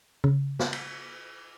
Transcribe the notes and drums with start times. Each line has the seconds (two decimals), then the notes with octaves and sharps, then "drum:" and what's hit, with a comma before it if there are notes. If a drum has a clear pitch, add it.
0.24 C#3
0.59 drum: snare
0.73 drum: cymbal